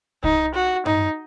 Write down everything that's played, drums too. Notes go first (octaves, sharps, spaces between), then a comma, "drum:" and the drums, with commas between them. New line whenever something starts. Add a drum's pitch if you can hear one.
D#4, drum: kick C2
F#4
D#4, drum: tom G2